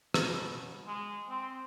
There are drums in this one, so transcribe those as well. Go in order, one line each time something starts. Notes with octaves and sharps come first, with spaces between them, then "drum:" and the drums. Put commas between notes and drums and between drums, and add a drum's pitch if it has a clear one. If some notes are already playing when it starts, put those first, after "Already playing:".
B2, drum: rim click
G#3
C4